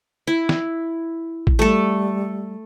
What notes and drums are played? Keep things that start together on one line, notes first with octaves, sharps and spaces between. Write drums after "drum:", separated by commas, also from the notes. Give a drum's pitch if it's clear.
E4
drum: snare
drum: kick A1
G3 A3 A4